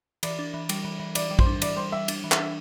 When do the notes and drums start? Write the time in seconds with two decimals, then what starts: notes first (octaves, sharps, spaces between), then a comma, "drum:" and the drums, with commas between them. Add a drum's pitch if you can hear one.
0.23 E3 D5, drum: cymbal
0.39 D4
0.54 E3
0.69 G3, drum: cymbal
0.85 E3
1.00 E3
1.15 E3 D5, drum: cymbal
1.31 G3
1.39 C5, drum: kick
1.46 D4
1.62 E3 D5, drum: cymbal
1.77 G3 C5
1.92 G3 E5
2.08 D4, drum: cymbal
2.24 E3
2.32 E5, drum: clap
2.38 D4